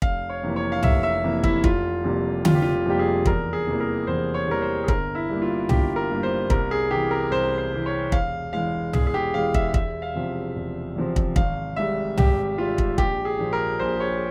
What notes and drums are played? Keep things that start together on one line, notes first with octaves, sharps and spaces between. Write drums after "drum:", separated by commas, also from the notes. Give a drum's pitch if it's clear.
F1 F5, drum: kick
C#5
F2 C3 E3 A#3
C#5
F5
F1 E5, drum: tom C2
E5
F2 C3 E3 A#3
E4, drum: kick
F1 F4, drum: kick
F2 C3 G3 A#3
F1 F4, drum: tom D3
G4
F4
F2 C3 G3 A#3 G4
G#4
E2 A#4, drum: kick
G#4
C3 E3 G3 A#3
A#4
E2 C5
C#5
C3 E3 G3 A#3 A#4
C5
G#4
G1 A#4, drum: kick
E4
G2 G3 A#3
F4
G1 G4, drum: tom C2
A#4
G2 G3 A#3
C5
C2 A#4, drum: kick
G#4
C3 E3 G4
A#4
C2 C5
C5
C3 E3
C#5
E1 F5, drum: kick
E2 E3 G#3 F5
E1 G#4, drum: tom C2
G#4
G4
E2 E3 G#3 F5
E5, drum: kick
E1 E5, drum: kick
F5
E2 C3 F3 C4
E1
E2 C3 F3 C4
drum: kick
G#1 F5, drum: kick
G#2 G3 E5
G#1 G4, drum: tom C2
G#2 G3 F4
drum: kick
A#1 G4, drum: kick
G#4
A#2 F3
A#4
A#1 C5
C#5